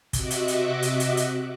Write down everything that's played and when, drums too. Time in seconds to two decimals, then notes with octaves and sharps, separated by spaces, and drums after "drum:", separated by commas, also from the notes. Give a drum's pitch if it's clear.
0.13 C3 F#4 D#5 E5 D6 F#6, drum: kick, hi-hat
0.31 drum: hi-hat
0.48 drum: hi-hat
0.82 drum: hi-hat
1.00 drum: hi-hat
1.17 drum: hi-hat